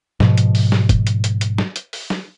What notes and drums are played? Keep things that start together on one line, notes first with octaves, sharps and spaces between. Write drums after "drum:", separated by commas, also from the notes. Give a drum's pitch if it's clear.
G#2 B2 F3, drum: snare
drum: hi-hat
drum: open hi-hat
drum: snare
drum: kick, hi-hat
drum: hi-hat
drum: hi-hat
drum: hi-hat
drum: snare
drum: hi-hat
drum: open hi-hat
drum: snare